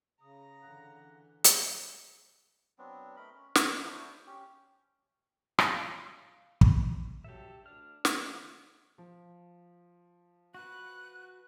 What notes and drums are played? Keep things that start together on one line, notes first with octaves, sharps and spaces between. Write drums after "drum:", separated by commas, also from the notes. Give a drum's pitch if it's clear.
C#3 A#5 D#6
D3 E3 F#5
drum: hi-hat
F#3 B3 C4 D4
A3 A#4 D#5 B5
C#4
A4, drum: snare
D4 E4 F#4 C5
C#4 G4
F5, drum: rim click
drum: kick
G2 F#3 G4 A4 E5
D2 D4 F6
D#3 A3 E4 F4 G4, drum: snare
F3
F#4 B4 F#6